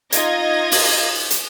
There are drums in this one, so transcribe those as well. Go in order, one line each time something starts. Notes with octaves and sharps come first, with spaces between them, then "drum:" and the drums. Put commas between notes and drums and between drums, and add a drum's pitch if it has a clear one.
D#4 F4 D#5 G#6 A#6, drum: hi-hat
drum: open hi-hat
drum: hi-hat